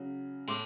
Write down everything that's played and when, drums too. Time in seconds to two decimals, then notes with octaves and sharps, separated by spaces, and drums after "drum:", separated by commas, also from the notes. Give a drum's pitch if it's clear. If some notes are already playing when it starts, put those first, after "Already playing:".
Already playing: C#3 F#3
0.48 A2 C6 D6, drum: cymbal